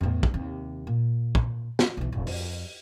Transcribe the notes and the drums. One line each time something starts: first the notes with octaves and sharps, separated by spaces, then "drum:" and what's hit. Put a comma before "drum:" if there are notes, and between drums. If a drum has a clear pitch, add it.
E2 A2
drum: kick
D#2 C3
A#2
drum: kick
drum: snare
B1 E3
E1 A1
F2, drum: open hi-hat